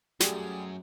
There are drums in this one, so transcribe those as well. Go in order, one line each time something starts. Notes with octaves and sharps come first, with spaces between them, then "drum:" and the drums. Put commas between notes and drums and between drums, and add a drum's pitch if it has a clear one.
F#2 G3 A3 F#4 G#4, drum: snare